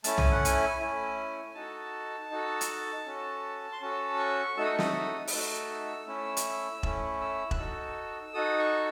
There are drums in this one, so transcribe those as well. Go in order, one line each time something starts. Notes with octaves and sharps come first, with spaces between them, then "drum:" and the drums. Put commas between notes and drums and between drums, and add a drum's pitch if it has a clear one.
A3 C#4 E4 A5, drum: hi-hat
G#5, drum: tom
F#5
G#5, drum: hi-hat
A3 C#4 E4
D#4 F#4 A4 A5
D#4 F#4 A4
drum: hi-hat
C#4 F#4 A4
C6
C#4 F#4 A4 A5
C#6
A3 D#4 F#4 A4 E6
D#6
C#6
D#6, drum: snare
D#6, drum: open hi-hat
A3 D#4 F#4 A4 E6
A3 C#4 E4
drum: hi-hat
A3 C#4 E4, drum: kick E1
E6
F#6, drum: kick E1
D#4 F#4 A4 E6
D#4 F#4 A4 D#6
C#6